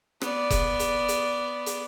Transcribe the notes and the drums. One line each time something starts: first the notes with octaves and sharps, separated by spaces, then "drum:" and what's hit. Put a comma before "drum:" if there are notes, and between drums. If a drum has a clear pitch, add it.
B3 D5, drum: rim click
drum: kick F1, hi-hat
drum: hi-hat
drum: hi-hat
drum: hi-hat